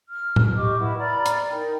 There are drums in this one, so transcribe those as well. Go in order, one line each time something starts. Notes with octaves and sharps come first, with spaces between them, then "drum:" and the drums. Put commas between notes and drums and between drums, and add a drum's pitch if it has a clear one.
F6
drum: tom A2
G4 D#5 C#6 D6
E4 B4 F#5
D5 A#5 B5 F6
drum: hi-hat
D#4 A#4 G5